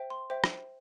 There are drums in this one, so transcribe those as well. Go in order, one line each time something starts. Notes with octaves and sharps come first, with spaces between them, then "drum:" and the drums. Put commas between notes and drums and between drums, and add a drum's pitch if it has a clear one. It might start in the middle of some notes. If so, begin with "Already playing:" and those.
Already playing: C5 E5 G5
C6
C5 E5 G5
drum: rim click